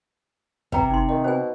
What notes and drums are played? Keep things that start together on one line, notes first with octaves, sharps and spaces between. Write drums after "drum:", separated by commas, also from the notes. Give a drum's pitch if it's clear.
C3 B4 G5 A#5, drum: kick
D#4 C6
D#3 D#5
B2 C5 G#5